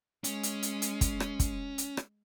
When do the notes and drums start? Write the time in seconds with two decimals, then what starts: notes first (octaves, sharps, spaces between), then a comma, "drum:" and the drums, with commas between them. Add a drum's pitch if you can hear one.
0.24 G#3 C#4, drum: hi-hat
0.43 drum: hi-hat
0.63 drum: hi-hat
0.82 drum: hi-hat
1.01 drum: kick, hi-hat
1.20 drum: rim click
1.40 drum: kick, hi-hat
1.78 drum: hi-hat
1.97 drum: rim click